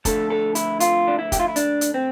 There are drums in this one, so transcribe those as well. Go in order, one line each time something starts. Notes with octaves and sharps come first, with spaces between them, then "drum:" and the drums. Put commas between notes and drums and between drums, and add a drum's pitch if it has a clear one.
F2 D3 A3 A4, drum: kick, hi-hat
A4
E4, drum: hi-hat
F4, drum: hi-hat
D4
E4
G4, drum: kick, hi-hat
F4
E4
D4, drum: hi-hat
drum: hi-hat
C4